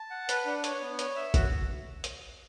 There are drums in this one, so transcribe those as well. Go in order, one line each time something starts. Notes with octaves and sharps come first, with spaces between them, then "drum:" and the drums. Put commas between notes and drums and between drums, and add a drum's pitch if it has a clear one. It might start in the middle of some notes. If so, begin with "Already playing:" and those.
Already playing: A5
F#5
B4, drum: hi-hat
D4
C#5, drum: hi-hat
B3
C#5, drum: hi-hat
E5
F#4, drum: kick, hi-hat
drum: hi-hat